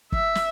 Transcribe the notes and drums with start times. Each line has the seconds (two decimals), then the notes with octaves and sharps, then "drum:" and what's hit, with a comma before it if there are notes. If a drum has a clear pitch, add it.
0.12 E5, drum: kick
0.35 drum: snare